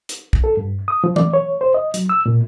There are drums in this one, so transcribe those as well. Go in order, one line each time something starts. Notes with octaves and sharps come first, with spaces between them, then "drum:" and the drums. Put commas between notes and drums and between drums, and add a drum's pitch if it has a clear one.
drum: hi-hat
drum: kick
A4
G2
D#6
F3
D5, drum: tom E3
C#5
C5
D#5
F#3, drum: hi-hat
E6
A#2